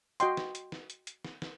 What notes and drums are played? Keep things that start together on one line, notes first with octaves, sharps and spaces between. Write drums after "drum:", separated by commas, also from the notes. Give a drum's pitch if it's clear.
F#4 D#5 G5 C6, drum: hi-hat
drum: snare
drum: hi-hat
drum: snare
drum: hi-hat
drum: hi-hat
drum: snare
drum: snare